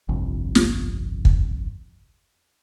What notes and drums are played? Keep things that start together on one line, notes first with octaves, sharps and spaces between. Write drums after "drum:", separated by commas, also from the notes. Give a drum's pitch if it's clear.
G1 C2 F2
drum: snare
drum: kick